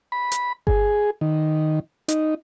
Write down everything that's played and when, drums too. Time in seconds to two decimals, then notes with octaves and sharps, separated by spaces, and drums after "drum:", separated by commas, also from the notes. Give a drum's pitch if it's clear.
0.12 B5
0.32 drum: hi-hat
0.67 G#4, drum: kick G1
1.21 D#3
2.08 D#4, drum: hi-hat